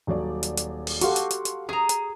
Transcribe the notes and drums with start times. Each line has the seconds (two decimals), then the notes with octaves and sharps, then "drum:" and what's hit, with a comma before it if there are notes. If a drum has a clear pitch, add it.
0.07 D#1 F#3 D5
0.43 drum: hi-hat
0.58 drum: hi-hat
0.87 drum: open hi-hat
1.01 F#4 G4 A4 F5 C6 C#6, drum: hi-hat
1.16 drum: hi-hat
1.31 drum: hi-hat
1.45 drum: hi-hat
1.69 G#4 A#5 D#6 D#7
1.89 drum: hi-hat